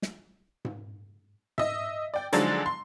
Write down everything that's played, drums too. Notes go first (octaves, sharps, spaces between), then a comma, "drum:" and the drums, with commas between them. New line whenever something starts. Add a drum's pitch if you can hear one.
drum: snare
drum: tom G#2
D#5 E5, drum: tom G#2
D5 G5
D3 F3 F#3 G#3 D4 D#4, drum: hi-hat
C6